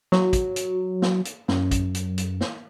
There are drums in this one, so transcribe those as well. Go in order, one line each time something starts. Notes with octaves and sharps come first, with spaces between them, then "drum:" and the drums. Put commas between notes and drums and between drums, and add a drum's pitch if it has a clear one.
F#3, drum: snare
drum: kick, hi-hat
drum: hi-hat
drum: snare
drum: hi-hat
F#2, drum: snare
drum: kick, hi-hat
drum: hi-hat
drum: hi-hat
drum: snare